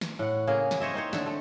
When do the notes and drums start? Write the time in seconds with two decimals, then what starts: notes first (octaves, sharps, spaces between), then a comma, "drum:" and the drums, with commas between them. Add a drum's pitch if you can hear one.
0.01 drum: snare
0.19 A2 F#5
0.47 C#3 A#3 G#4 A#4
0.71 drum: snare
0.80 C5 C#5 D#5 E5
0.94 C4 D#4 C5 C#5
1.13 D3 E5, drum: snare
1.26 A3